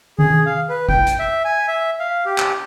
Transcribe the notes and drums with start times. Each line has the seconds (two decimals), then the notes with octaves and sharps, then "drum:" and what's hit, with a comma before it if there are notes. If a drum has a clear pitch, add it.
0.19 G#4, drum: tom D#3
0.46 F5
0.69 B4
0.89 G5, drum: kick
1.07 drum: hi-hat
1.19 E5
1.45 G#5
1.68 E5
2.00 F5
2.26 G4
2.38 drum: clap